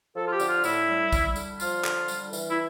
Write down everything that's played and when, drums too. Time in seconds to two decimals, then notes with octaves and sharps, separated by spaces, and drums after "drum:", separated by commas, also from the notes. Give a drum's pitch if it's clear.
0.15 F3 A4
0.27 F4
0.32 G4
0.40 D3, drum: tambourine
0.49 F4
0.64 A2 E4, drum: tambourine
0.88 G3
1.12 G3, drum: kick A#1, tambourine
1.36 D3, drum: tambourine
1.60 F3 F4, drum: tambourine
1.85 D3, drum: clap
2.08 G3, drum: tambourine
2.33 E3, drum: tambourine
2.50 E4